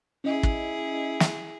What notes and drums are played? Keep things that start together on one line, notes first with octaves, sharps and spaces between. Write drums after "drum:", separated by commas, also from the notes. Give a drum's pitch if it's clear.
C#4 E4 G#4 D#5
drum: kick
drum: snare